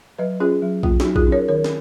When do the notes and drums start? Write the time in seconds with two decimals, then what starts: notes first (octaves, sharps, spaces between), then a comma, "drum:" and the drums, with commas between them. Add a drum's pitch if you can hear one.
0.19 F#3 B4 D#5
0.40 C#4 F4 G#4
0.62 F#3
0.83 A#3 F4, drum: kick A#1
1.00 D#4 F#4, drum: snare
1.05 F#3
1.16 F4 G#4, drum: kick A#1
1.27 C#4
1.32 A#4 C#5
1.48 D#3 A#4 C#5
1.64 drum: snare